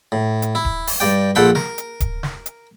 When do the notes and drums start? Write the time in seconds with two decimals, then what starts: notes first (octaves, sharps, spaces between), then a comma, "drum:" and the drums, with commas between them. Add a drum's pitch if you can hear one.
0.12 A2
0.42 drum: hi-hat
0.55 E4
0.65 drum: kick D1
0.87 drum: open hi-hat
1.00 G2 D5 G5
1.35 A#1 A4 F#5 G5 B5 C6
1.55 A#4, drum: snare
1.78 drum: hi-hat
2.00 drum: kick D1, hi-hat
2.23 drum: snare
2.46 drum: hi-hat